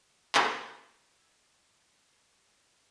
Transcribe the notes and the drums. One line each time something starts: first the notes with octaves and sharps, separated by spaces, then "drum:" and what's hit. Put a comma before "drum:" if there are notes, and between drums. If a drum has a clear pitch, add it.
drum: clap
G4 E6 G#6 B6